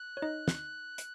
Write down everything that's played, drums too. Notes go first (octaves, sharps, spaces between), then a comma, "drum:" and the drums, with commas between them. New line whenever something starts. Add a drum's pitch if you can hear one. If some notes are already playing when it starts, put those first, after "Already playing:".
Already playing: F#6
C#5
D#4 D#5
drum: snare
drum: hi-hat